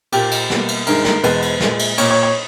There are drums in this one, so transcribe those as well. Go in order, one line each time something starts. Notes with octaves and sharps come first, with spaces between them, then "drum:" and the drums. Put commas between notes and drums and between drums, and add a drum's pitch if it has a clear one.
A#2 A#3 G4, drum: cymbal
drum: cymbal
B2 G3 A#3, drum: snare
drum: cymbal
G2 D#3 G#3 A#4, drum: cymbal
A#4, drum: snare
E2 B2 G#3 B4, drum: cymbal
drum: cymbal
A#2 G#3, drum: snare
drum: cymbal
A#2 A#3 C#5, drum: cymbal
C#5
C#5